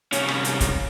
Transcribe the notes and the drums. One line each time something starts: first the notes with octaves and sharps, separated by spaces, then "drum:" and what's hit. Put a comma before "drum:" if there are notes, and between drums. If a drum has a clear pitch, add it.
C2 C#4, drum: hi-hat
drum: rim click
drum: hi-hat
drum: kick, hi-hat